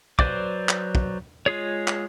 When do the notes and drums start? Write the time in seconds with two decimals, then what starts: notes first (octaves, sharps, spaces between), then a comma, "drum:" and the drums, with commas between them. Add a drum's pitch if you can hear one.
0.19 F#3 B4 C5 D5 D6, drum: kick
0.69 drum: clap
0.95 drum: kick
1.46 G#3 F4 G#4 C#5
1.88 drum: clap